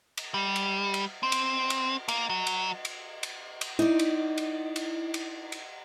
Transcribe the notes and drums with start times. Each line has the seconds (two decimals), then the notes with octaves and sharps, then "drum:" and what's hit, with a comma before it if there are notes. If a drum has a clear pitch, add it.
0.17 drum: cymbal
0.34 G3
0.56 drum: cymbal
0.94 drum: cymbal
1.23 C4
1.32 drum: cymbal
1.70 drum: cymbal
2.08 A#3, drum: cymbal
2.30 F#3
2.47 drum: cymbal
2.85 drum: cymbal
3.23 drum: cymbal
3.61 drum: cymbal
3.79 D#4 E4 D5
3.99 drum: cymbal
4.38 drum: cymbal
4.76 drum: cymbal
5.14 drum: cymbal
5.52 drum: cymbal